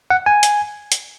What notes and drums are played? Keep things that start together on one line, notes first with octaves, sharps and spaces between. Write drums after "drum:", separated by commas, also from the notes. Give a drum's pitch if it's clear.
F#5
G#5
drum: hi-hat
drum: hi-hat